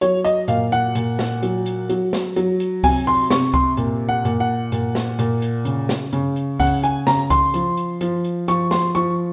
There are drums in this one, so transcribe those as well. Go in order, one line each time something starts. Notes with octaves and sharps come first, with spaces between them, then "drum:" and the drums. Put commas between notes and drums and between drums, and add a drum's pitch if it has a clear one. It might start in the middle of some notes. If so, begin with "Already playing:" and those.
F#3 C#5, drum: hi-hat
D#5, drum: hi-hat
A#2 F5, drum: hi-hat
F#5, drum: hi-hat
A#2, drum: hi-hat
drum: snare
F#3, drum: hi-hat
drum: hi-hat
F#3, drum: hi-hat
drum: snare
F#3, drum: hi-hat
drum: hi-hat
C3 G#5, drum: kick C#2, open hi-hat
C6
C3 C#6, drum: snare
C6, drum: kick C#2, hi-hat
A#2, drum: hi-hat
F#5
A#2, drum: hi-hat
F#5
A#2, drum: hi-hat
drum: snare
A#2, drum: hi-hat
drum: hi-hat
C#3, drum: hi-hat
drum: snare
C#3, drum: hi-hat
drum: hi-hat
C#3 F#5, drum: kick C#2, open hi-hat
G#5, drum: hi-hat
C#3 A#5, drum: snare
C6, drum: kick C#2, hi-hat
F3, drum: hi-hat
drum: hi-hat
F3, drum: hi-hat
drum: hi-hat
F3 C#6, drum: hi-hat
C6, drum: snare
F3 C#6, drum: hi-hat